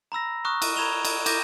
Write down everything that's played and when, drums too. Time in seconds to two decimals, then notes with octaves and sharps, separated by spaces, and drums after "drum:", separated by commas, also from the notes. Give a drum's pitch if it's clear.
0.12 A#5 B5 E6 A#6
0.45 A#5 C#6 D#6 F6 F#6
0.62 drum: cymbal
0.76 A#5 B5 G#6 E7 F7 G7
1.05 drum: cymbal
1.26 D6 G6 A#6, drum: cymbal